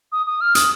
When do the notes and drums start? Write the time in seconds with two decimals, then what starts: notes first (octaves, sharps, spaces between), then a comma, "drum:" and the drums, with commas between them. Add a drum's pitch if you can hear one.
0.12 D#6
0.26 D#6
0.41 F6
0.55 D#6, drum: hi-hat